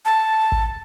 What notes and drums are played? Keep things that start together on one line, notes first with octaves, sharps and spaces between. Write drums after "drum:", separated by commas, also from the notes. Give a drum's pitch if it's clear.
A5
drum: kick